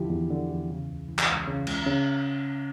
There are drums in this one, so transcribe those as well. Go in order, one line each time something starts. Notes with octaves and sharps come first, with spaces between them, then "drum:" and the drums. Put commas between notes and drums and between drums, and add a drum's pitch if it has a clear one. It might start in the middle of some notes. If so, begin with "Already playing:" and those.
Already playing: E2 D3 F3 E4 G4
E2
D3
E2
C#3
C#2
E3
drum: clap
C#2
C#3
C#2, drum: cymbal
C#3 C#4